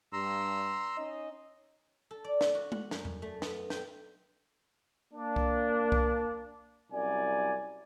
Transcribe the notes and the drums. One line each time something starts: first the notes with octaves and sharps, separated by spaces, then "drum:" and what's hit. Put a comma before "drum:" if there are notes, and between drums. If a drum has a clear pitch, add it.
G2 A#5 C6 E6
C#4 D#4 D#5
A4
D5
drum: snare
F#4
F#5, drum: tom G#3
F#2, drum: snare
drum: tom E2
A3
B3, drum: snare
G5, drum: snare
A#3 D4
drum: kick C2
drum: kick C2
C2 F#2 D5 G#5